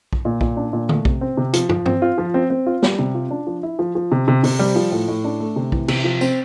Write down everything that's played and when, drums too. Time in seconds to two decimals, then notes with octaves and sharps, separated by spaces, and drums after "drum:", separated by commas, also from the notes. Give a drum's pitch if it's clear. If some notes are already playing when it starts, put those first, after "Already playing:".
0.13 drum: kick B1
0.25 A#2
0.41 A#2, drum: kick B1
0.57 D4
0.73 A#2
0.89 A3, drum: tom D3
1.05 C3, drum: kick B1
1.21 C4
1.37 C3
1.53 F3, drum: hi-hat
1.69 F3, drum: tom
1.86 C4, drum: tom G2
2.02 F4
2.18 F3
2.34 C4
2.50 C4
2.66 F4
2.83 G3, drum: snare
2.99 C3
3.14 F4
3.31 D4
3.47 F3
3.63 E4
3.79 F3
3.95 F3
4.12 C3
4.28 C3
4.44 C3, drum: open hi-hat
4.59 G3
4.76 F3
4.92 A2
5.08 A2
5.24 D4
5.40 A3
5.56 C3
5.72 E3, drum: kick B1
5.88 C3, drum: cymbal
6.04 F3
6.21 C4, drum: tambourine